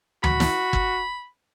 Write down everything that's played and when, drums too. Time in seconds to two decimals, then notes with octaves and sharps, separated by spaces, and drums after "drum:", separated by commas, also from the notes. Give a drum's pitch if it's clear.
0.24 F#4 B5, drum: tom D2
0.40 drum: snare
0.73 drum: kick